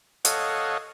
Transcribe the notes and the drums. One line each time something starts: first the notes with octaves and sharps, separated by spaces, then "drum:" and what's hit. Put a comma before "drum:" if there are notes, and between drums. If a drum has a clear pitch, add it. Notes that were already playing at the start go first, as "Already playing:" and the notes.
A4 C#5 D#5 F5 F#5, drum: hi-hat